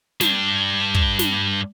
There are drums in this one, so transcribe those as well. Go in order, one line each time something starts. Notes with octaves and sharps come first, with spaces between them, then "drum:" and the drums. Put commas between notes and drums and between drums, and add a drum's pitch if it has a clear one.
G2 D4, drum: snare
drum: kick
drum: snare